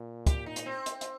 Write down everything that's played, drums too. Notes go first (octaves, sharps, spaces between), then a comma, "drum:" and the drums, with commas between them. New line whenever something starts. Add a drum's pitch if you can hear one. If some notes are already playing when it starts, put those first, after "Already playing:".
Already playing: A#2
G4, drum: kick, hi-hat
D#4
drum: hi-hat
C4
drum: hi-hat
drum: hi-hat